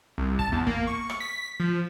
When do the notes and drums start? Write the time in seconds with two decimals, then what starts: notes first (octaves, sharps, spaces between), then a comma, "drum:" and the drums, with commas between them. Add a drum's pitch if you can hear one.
0.18 C2
0.39 A5, drum: kick
0.52 E2
0.67 A#3, drum: kick
0.87 C#6
1.10 drum: rim click
1.20 B6
1.60 F3